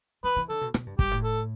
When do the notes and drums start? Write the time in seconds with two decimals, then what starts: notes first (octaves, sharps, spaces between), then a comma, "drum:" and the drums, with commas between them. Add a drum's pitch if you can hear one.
0.24 E3 B4
0.37 E3
0.49 D3 A4
0.61 B2
0.74 B2, drum: rim click
0.87 G2
0.99 G2 G4, drum: kick
1.11 A2
1.24 A4